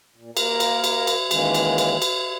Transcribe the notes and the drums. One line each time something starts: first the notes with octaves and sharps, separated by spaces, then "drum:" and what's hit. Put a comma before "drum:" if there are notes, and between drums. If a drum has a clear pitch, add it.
A#2
A#3 A#4 A#5, drum: cymbal
drum: cymbal
drum: cymbal
drum: cymbal
D#3 E3 G#3 A#3 C#4, drum: cymbal
drum: cymbal
drum: cymbal
drum: cymbal